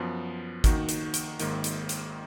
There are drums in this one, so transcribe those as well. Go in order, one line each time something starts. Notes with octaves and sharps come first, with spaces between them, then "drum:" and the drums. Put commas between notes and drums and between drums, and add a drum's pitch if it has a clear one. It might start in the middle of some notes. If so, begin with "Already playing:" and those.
Already playing: F#2 F3 B3
D#3 A#3 D#4 F#4, drum: kick G#1, hi-hat
drum: hi-hat
drum: hi-hat
G#1 G#2 D#3 A#3, drum: hi-hat
drum: hi-hat
drum: hi-hat